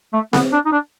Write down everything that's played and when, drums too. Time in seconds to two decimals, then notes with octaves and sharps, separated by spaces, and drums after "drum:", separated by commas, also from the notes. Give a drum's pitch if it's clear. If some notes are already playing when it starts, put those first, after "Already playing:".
0.13 A3
0.33 B3, drum: snare C4
0.53 D4
0.66 D#4
0.72 D4